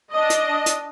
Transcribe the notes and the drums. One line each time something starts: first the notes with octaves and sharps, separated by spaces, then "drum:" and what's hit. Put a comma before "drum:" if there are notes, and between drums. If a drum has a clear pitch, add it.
D4 D#5
drum: hi-hat
drum: hi-hat